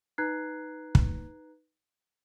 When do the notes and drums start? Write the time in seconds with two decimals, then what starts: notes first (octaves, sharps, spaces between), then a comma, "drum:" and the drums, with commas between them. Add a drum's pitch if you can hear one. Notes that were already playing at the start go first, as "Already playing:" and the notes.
0.18 D#4 B4 A#5 F#6 G#6 C7
0.95 drum: kick